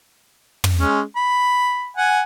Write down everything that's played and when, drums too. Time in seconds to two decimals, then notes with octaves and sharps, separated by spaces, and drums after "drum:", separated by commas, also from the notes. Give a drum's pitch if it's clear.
0.64 drum: tom
0.79 G#3 C#4
1.16 B5
1.97 F#5 G#5